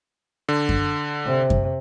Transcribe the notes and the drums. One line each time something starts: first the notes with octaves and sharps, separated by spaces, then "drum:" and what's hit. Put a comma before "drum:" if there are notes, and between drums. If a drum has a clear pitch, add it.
D3
drum: kick F#2
C3
drum: kick F#2